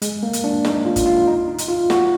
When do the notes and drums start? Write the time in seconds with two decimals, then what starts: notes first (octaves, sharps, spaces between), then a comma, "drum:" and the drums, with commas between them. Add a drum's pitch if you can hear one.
0.02 G#3, drum: hi-hat
0.23 A#3
0.33 drum: hi-hat
0.44 D4
0.65 D#4, drum: snare
0.85 F4
0.96 drum: kick G1, hi-hat
1.06 F4
1.27 D#4
1.48 D#4
1.58 drum: hi-hat
1.68 F4
1.90 F#4, drum: snare